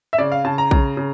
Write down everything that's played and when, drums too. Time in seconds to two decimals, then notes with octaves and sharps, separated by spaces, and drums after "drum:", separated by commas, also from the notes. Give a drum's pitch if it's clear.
0.13 E5
0.18 C#3 D5
0.32 F5
0.45 C#3 A5
0.58 A#5
0.71 C#3, drum: kick A#1
0.97 C#3